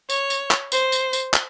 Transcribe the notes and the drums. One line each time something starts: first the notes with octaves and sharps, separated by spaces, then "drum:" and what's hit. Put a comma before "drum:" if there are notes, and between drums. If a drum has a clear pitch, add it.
C#5, drum: tambourine
drum: tambourine
drum: clap
C5, drum: tambourine
drum: tambourine
drum: tambourine
drum: clap